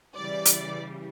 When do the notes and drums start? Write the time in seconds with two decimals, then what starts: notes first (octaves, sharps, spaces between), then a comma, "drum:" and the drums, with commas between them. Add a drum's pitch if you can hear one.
0.16 C#3 E3 G3 D5
0.45 drum: hi-hat